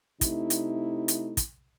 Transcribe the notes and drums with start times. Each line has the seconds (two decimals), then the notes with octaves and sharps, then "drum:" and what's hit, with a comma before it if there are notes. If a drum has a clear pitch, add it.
0.21 C3 A3 D#4 E4, drum: kick, hi-hat
0.50 drum: hi-hat
1.08 drum: hi-hat
1.37 drum: kick, hi-hat